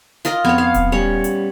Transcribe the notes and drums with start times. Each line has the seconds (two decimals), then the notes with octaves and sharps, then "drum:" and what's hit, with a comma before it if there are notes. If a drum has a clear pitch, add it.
0.25 F4 A#4 D#5, drum: hi-hat
0.45 F2 B3 C#5
0.58 F5
0.74 drum: kick D#1, hi-hat
0.92 G3 C#4 C#5
1.24 drum: hi-hat